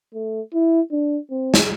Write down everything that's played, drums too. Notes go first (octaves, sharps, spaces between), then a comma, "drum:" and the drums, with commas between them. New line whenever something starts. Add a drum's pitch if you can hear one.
A3
E4
D4
C4
drum: snare